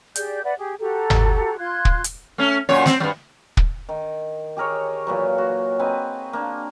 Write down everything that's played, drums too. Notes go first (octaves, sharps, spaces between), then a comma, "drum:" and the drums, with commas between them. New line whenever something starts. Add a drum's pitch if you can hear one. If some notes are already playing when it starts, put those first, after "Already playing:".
G4 G#4 D5 G6, drum: hi-hat
B4 D5 E5 F#5
G4 G#4
F#4 G4 A4 A#5
drum: tom G1
F4 C6 F#6 G#6
drum: kick
drum: hi-hat
A3 C#4
F#2 A#2 C#5
C4, drum: snare
G2 F#3
drum: kick
D#3
G4 G#4 A#4 C#5
A#2 E3 F#3
F#4
C4 D#4 B4 G#5
A#3 D4